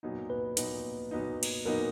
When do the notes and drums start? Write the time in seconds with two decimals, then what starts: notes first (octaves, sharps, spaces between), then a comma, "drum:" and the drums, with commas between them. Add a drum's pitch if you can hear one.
0.03 A#2 F#3 B3 D#4
0.30 B4
0.57 A#2 F#3 B3 D#4, drum: hi-hat
1.11 A#2 F#3 B3 D#4
1.43 drum: cymbal
1.66 A#2 F#3 B3 D#4 A#4